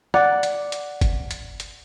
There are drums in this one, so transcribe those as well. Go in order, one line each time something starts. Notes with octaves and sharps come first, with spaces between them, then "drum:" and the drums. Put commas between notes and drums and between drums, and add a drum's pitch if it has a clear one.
D5 F#5, drum: rim click
drum: hi-hat
drum: hi-hat
drum: kick F#1, hi-hat
drum: hi-hat
drum: hi-hat